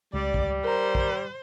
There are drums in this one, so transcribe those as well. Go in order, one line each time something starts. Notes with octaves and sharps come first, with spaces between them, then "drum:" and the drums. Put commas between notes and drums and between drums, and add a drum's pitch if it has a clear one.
C#2 G3 D5
drum: kick
A#4 C5 A#5
drum: kick